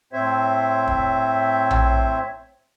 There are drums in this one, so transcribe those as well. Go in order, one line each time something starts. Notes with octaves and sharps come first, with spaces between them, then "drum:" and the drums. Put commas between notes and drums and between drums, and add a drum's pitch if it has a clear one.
A2 C4 C5 C#5 E5
drum: kick
drum: tom A#1